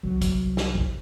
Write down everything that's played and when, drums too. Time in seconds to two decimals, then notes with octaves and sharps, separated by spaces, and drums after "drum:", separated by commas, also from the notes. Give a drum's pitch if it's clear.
0.03 C2 F#3
0.21 drum: kick, hi-hat
0.57 drum: snare
0.75 drum: kick